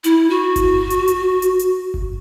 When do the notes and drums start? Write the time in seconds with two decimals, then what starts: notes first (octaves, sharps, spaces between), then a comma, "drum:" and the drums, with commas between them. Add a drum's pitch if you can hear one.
0.04 E4, drum: hi-hat
0.30 F#4
0.56 drum: kick G1, hi-hat
0.90 drum: hi-hat
1.08 drum: hi-hat
1.42 drum: hi-hat
1.59 drum: hi-hat
1.94 drum: kick G1